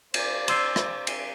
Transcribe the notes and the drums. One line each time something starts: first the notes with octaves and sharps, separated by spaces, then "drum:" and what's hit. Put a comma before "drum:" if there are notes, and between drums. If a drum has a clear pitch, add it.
C5 D5, drum: cymbal
C6 E6 C7, drum: cymbal
drum: rim click
drum: cymbal